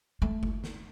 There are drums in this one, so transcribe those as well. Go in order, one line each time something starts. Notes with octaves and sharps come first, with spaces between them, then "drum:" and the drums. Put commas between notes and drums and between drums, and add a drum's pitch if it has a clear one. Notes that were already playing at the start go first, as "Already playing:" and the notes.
A3
drum: kick F#1
drum: snare